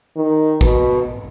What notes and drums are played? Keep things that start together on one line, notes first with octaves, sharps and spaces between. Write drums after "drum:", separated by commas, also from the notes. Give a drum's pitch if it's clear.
D#3
B2, drum: kick